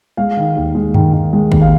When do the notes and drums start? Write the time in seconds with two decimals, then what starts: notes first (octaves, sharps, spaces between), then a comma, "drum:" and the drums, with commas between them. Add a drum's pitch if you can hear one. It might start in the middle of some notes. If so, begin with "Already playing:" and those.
0.17 G#3 F5
0.37 D#3
0.56 D#2
0.75 G#3
0.94 D#3, drum: tom F#2
1.13 D#3
1.33 G#3
1.52 D#2, drum: kick
1.62 F5